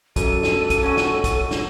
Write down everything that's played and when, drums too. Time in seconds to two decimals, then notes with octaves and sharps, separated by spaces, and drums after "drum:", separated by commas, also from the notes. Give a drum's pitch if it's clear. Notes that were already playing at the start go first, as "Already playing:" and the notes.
0.16 F#2 A4 D#7, drum: kick, hi-hat
0.43 drum: snare
0.70 drum: kick, hi-hat
0.83 C#4 F#4
0.97 drum: snare
1.24 drum: kick, hi-hat
1.51 drum: snare